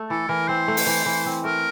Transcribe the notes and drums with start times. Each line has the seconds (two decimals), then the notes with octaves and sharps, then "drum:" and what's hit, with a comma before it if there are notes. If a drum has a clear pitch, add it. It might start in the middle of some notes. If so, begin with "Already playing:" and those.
Already playing: A3
0.10 E3 A4
0.29 E3 A#4
0.48 C4 C5
0.68 A3
0.77 drum: open hi-hat
0.87 E3
1.06 E3
1.26 C4
1.44 A3 A#4